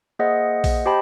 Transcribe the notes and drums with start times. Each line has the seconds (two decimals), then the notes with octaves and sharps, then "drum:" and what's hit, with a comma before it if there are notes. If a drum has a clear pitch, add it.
0.19 A#3 G#4 C5 D#5 E5 F#5
0.64 drum: kick A#1, open hi-hat
0.86 G4 C5 D#5 G5 A5 B5